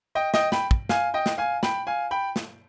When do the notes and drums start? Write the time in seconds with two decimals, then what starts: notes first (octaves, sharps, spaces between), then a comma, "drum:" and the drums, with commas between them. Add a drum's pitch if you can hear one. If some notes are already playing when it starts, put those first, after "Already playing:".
0.15 D#5 G5
0.34 D#5 G5, drum: snare
0.52 G5 B5, drum: snare
0.71 drum: kick
0.89 F5 G#5, drum: snare
1.14 D#5 G5
1.26 drum: snare
1.38 F5 G#5
1.63 G5 B5, drum: snare
1.87 F5 G#5
2.11 G5 B5
2.36 drum: snare